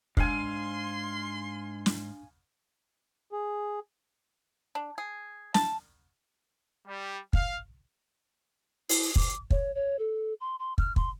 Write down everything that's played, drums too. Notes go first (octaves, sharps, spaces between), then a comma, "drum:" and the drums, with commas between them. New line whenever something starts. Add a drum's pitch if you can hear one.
G#2 D4 F5 G#5 C6, drum: kick
drum: snare
G#4
D4
G#4
A5, drum: snare
G3
F5, drum: kick
E4, drum: open hi-hat
D6, drum: kick
C#5, drum: kick
C#5
A4
C6
C6
F6, drum: kick
C6, drum: kick